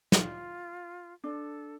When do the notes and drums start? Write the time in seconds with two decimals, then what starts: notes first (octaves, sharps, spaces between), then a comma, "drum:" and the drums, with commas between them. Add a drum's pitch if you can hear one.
0.12 F4, drum: snare
1.24 D4 A4